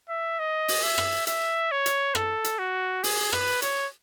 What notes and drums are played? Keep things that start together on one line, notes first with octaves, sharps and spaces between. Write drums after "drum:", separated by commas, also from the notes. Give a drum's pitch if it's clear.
E5
D#5
drum: open hi-hat
E5
drum: rim click
E5, drum: hi-hat
C#5
drum: hi-hat
A4, drum: rim click
drum: hi-hat
F#4
G#4, drum: open hi-hat
B4, drum: rim click
C#5, drum: hi-hat